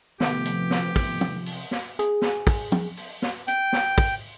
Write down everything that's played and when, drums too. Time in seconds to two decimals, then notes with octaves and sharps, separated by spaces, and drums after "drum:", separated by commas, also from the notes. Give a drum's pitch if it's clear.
0.20 C3 D#3 F3 A3 B3 G4, drum: snare
0.45 drum: hi-hat
0.71 drum: snare
0.96 drum: kick, open hi-hat
1.21 drum: tom
1.46 drum: open hi-hat
1.71 drum: snare
1.99 G#4, drum: hi-hat
2.22 drum: snare
2.47 drum: kick, open hi-hat
2.72 drum: tom
2.97 drum: open hi-hat
3.22 drum: snare
3.48 G5, drum: hi-hat
3.73 drum: snare
3.98 drum: kick, open hi-hat